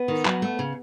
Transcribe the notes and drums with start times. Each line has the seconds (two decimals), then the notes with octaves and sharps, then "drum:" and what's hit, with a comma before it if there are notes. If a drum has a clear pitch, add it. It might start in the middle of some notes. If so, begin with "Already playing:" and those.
Already playing: B3
0.08 D#3
0.25 F#3, drum: clap
0.42 A3
0.59 C#3